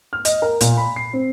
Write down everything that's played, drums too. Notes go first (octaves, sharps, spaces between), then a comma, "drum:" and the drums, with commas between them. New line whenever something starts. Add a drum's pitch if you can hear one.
F6
D#5, drum: hi-hat
A#4
A#2, drum: hi-hat
B5
C7
C4